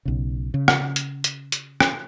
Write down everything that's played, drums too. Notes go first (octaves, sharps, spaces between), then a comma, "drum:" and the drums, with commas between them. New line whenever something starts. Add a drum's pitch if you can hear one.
B1 C#3
C#3
drum: rim click
drum: hi-hat
drum: hi-hat
drum: hi-hat
drum: rim click